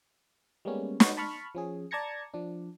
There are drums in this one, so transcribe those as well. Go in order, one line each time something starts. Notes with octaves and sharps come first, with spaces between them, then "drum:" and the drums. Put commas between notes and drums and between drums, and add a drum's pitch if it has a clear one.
G3 G#3 A#3 B3 C#4
F#4 B4 C#5 D#5 F#5 C#6, drum: snare
A5 B5 C#6 F6
F3 C#4 G#4
D5 A5 A#5 G#6 A#6 C#7
F3 D4